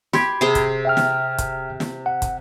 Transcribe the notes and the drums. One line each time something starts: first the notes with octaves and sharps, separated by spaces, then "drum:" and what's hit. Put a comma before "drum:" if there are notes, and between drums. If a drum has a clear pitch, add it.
G4 B5 C6 G#6, drum: snare
C3 G#4 C5
drum: kick, hi-hat
E5 G5 F6
drum: snare
drum: kick, hi-hat
drum: snare
F#5
drum: kick, hi-hat